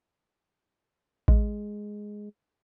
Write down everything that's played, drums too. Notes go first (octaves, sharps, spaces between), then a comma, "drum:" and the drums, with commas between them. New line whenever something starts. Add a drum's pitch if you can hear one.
G#3, drum: kick A1